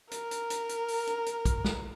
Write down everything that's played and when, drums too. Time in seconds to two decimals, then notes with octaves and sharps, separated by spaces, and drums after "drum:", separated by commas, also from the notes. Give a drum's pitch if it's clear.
0.11 A#4, drum: hi-hat
0.31 drum: hi-hat
0.50 drum: hi-hat
0.69 drum: hi-hat
0.88 drum: open hi-hat
1.07 drum: hi-hat
1.26 drum: hi-hat
1.45 drum: kick, hi-hat
1.65 drum: snare